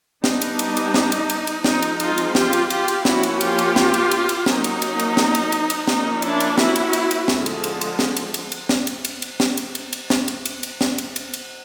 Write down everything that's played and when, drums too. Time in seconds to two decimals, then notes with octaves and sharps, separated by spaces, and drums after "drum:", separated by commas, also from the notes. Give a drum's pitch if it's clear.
0.24 G3 B3 D4 D#4, drum: snare
0.41 drum: cymbal
0.59 drum: cymbal
0.77 drum: cymbal
0.94 drum: snare
1.12 drum: cymbal
1.30 drum: cymbal
1.47 drum: cymbal
1.64 F3 G#3 C4 D#4, drum: snare
1.82 drum: cymbal
2.00 D#4 F4, drum: cymbal
2.18 drum: cymbal
2.35 F4 G4, drum: snare
2.53 drum: cymbal
2.70 F4 G4, drum: cymbal
2.88 drum: cymbal
3.05 F3 A#3 C#4 E4 F#4, drum: snare
3.23 drum: cymbal
3.41 F4 G4, drum: cymbal
3.59 drum: cymbal
3.76 drum: snare
3.94 drum: cymbal
4.11 drum: cymbal
4.29 drum: cymbal
4.46 F#3 A#3 C#4 D#4, drum: snare
4.64 drum: cymbal
4.82 drum: cymbal
4.99 drum: cymbal
5.17 drum: snare
5.35 drum: cymbal
5.52 drum: cymbal
5.70 drum: cymbal
5.88 F3 A#3 C#4 D#4, drum: snare
6.22 D4 E4, drum: cymbal
6.40 drum: cymbal
6.58 E4 F#4, drum: snare
6.76 drum: cymbal
6.93 drum: cymbal
7.11 drum: cymbal
7.28 D3 F3 G#3, drum: snare
7.46 drum: cymbal
7.64 drum: cymbal
7.81 drum: cymbal
7.99 drum: snare
8.17 drum: cymbal
8.34 drum: cymbal
8.52 drum: cymbal
8.69 drum: snare
8.87 drum: cymbal
9.05 drum: cymbal
9.22 drum: cymbal
9.40 drum: snare
9.57 drum: cymbal
9.75 drum: cymbal
9.93 drum: cymbal
10.10 drum: snare
10.28 drum: cymbal
10.45 drum: cymbal
10.63 drum: cymbal
10.81 drum: snare
10.98 drum: cymbal
11.16 drum: cymbal
11.34 drum: cymbal